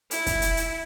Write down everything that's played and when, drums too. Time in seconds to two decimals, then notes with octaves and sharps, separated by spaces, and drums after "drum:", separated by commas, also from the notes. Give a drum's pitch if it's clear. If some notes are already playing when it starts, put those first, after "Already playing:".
0.11 E4, drum: hi-hat
0.26 drum: kick, hi-hat
0.42 drum: hi-hat
0.57 drum: hi-hat